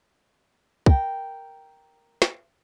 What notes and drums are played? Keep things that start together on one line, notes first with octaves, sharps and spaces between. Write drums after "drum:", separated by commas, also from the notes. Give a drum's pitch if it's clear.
A#4 G5, drum: kick
drum: snare